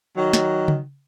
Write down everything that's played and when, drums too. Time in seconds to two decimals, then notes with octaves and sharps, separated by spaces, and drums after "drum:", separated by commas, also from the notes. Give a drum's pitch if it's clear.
0.17 D#3 F#3
0.33 drum: snare
0.68 drum: tom C#3